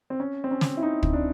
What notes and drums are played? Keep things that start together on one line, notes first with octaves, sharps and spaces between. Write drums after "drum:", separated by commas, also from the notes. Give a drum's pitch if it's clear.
C4
C#4
C4
C#4
drum: snare
E4
D#4
drum: kick
D4